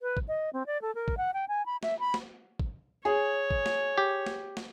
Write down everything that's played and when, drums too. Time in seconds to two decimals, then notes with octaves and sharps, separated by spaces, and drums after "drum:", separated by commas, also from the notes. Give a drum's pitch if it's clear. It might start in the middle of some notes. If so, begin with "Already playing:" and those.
0.02 B4
0.17 drum: kick
0.28 D#5
0.53 C4
0.67 D5
0.82 A4
0.95 A#4
1.08 drum: kick
1.17 F#5
1.34 G5
1.48 G#5
1.66 B5
1.83 E5, drum: snare
1.99 B5
2.14 drum: snare
2.60 drum: kick
3.05 G#4 C#5
3.51 drum: kick
3.66 drum: snare
3.98 G4
4.26 drum: snare
4.57 drum: snare